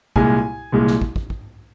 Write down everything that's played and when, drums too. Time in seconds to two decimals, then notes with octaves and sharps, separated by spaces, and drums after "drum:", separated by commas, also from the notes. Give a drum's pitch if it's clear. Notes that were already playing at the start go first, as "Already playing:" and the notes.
0.16 C2 A#2 G#3 G#5, drum: kick
0.72 C2 A#2 G#3
0.87 drum: snare
1.01 drum: kick
1.16 drum: kick
1.30 drum: kick